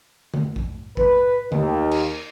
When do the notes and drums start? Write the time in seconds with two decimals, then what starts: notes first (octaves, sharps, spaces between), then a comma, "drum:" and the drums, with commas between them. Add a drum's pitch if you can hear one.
0.34 drum: tom D3
0.56 drum: kick A#1
0.97 B4, drum: kick A#1
1.52 D#2, drum: tom D3
1.91 drum: cymbal